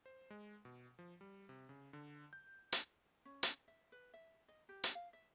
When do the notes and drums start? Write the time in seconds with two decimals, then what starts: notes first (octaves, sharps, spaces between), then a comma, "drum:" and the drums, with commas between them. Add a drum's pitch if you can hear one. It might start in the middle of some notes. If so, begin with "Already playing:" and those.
0.06 C5
0.30 G#3
0.65 B2
0.99 F3
1.21 G3
1.49 C3
1.69 C#3
1.93 D3
2.33 G6
2.72 drum: hi-hat
3.25 C#4
3.43 drum: hi-hat
3.68 E5
3.92 B4
4.14 E5
4.48 D#5
4.69 G4
4.84 drum: hi-hat
4.95 F5
5.13 E5